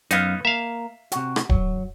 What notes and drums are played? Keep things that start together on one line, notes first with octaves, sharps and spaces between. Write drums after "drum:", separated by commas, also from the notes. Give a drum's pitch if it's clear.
F#2 B3 D#4 F5, drum: hi-hat
A#3 E5 F5
C3 F#4, drum: hi-hat
drum: rim click
F#3, drum: kick D1